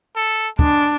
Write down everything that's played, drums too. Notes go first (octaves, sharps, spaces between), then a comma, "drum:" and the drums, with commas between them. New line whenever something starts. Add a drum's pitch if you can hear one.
A4
G#3 D4, drum: kick